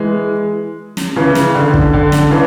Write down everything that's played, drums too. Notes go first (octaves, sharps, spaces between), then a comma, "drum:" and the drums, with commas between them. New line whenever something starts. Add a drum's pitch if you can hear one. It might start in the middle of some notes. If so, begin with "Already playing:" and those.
Already playing: E3 G#3
drum: snare
C#3 E3
drum: snare
D3
drum: kick
D3
drum: snare
C#3 E3